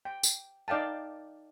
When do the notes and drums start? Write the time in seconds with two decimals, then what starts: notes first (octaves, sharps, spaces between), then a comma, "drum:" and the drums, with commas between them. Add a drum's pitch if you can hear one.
0.05 G5
0.23 drum: tambourine
0.68 D#4 D5 F5 G5 A5